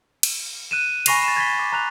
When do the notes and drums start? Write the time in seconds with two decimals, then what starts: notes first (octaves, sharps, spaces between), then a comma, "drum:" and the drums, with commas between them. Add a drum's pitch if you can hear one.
0.23 drum: cymbal
0.71 F#6 D#7 E7
1.06 G#5 B5 C#6 A#6 C7 F7, drum: cymbal
1.23 A6 E7
1.37 G#6 A6 B6 G7
1.59 D6
1.72 A#5 F#6 F7